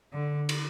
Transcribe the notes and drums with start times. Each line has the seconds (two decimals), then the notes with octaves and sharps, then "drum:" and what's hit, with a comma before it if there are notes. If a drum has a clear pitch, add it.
0.13 D3
0.49 drum: cymbal